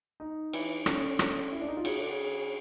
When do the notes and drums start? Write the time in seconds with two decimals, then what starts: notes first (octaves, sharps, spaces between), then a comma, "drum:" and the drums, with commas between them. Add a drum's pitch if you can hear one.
0.20 D#4
0.53 E3, drum: cymbal
0.86 D3 C#4, drum: rim click
1.19 drum: rim click
1.52 E4
1.61 D4
1.68 D#4
1.77 F4
1.85 C#3 F#4, drum: cymbal
1.98 D3
2.10 C#3